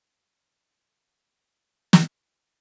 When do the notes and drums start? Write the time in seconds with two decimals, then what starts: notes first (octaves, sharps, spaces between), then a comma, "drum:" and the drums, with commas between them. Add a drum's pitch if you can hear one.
0.20 F#2 G3
1.93 drum: snare